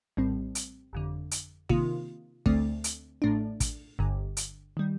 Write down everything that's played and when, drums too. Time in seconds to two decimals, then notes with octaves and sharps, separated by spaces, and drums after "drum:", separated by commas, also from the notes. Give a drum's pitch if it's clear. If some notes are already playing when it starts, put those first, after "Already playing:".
0.17 A#1 A2 G3 C4
0.55 drum: hi-hat
0.93 G1 F2 D3
1.31 drum: hi-hat
1.69 C3 D#3 A#3 F4, drum: kick
2.46 D2 D3 A3 C4, drum: kick
2.84 drum: hi-hat
3.22 A1 A2 A3 D4
3.60 drum: kick, hi-hat
3.99 G1 G2 D3
4.37 drum: hi-hat
4.77 D#3 G3